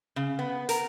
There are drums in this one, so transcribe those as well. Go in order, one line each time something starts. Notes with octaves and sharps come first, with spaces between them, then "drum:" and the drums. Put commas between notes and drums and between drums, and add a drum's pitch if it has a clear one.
C#3
B3
A#4, drum: hi-hat